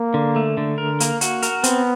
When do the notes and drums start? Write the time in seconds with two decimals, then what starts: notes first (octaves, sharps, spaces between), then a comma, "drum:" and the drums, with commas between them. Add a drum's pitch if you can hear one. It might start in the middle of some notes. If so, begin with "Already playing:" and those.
Already playing: A#3
0.14 D3
0.36 A3
0.57 D3
0.78 A#4
1.00 A#3, drum: hi-hat
1.21 F#4, drum: hi-hat
1.42 A#4, drum: hi-hat
1.64 B3 C4, drum: hi-hat